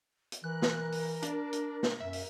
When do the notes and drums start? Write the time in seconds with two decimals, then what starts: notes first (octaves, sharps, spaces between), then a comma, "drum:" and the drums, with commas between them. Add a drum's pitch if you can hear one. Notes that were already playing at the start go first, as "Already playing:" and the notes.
0.32 drum: hi-hat
0.44 E3 A#4 F#6
0.62 drum: snare
0.92 drum: open hi-hat
1.22 D4, drum: hi-hat
1.53 drum: hi-hat
1.83 drum: snare
2.00 F#2 E5
2.13 drum: open hi-hat